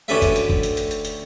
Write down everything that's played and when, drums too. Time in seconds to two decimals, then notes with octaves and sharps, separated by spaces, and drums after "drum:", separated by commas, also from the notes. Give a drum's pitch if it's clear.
0.08 D2 C#4 G4 A4 B4 E5
0.22 drum: kick, hi-hat
0.36 drum: hi-hat
0.50 drum: kick
0.63 drum: hi-hat
0.77 drum: hi-hat
0.91 drum: hi-hat
1.05 drum: hi-hat